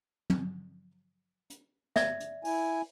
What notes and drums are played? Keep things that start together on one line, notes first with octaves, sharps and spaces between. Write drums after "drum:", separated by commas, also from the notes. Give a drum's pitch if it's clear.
drum: tom
drum: hi-hat
D5 E5, drum: snare
drum: hi-hat
E4 G#5, drum: open hi-hat